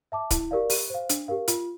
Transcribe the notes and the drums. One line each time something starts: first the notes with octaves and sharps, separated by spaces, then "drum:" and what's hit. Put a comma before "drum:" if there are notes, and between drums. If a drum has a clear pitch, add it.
E5 A5 D6
E4, drum: kick C#1, hi-hat
G4 A#4 D5 F5
G4, drum: open hi-hat
C5 F5
D4, drum: hi-hat
G4 A#4 F5
F4, drum: hi-hat